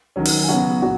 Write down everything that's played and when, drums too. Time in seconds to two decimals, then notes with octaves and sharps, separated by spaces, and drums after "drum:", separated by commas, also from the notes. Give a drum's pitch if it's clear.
0.16 D#3 F#3 C#4
0.25 drum: open hi-hat
0.44 G#5
0.48 C#3 F#3 B3 F#4 F#5
0.81 A#2 F#3 F#4 F#5